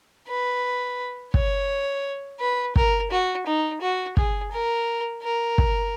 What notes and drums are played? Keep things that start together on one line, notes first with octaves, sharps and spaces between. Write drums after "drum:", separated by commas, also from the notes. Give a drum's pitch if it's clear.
B4
C#5, drum: kick
B4
A#4, drum: kick
F#4
D#4
F#4
G#4, drum: kick
A#4
A#4
drum: kick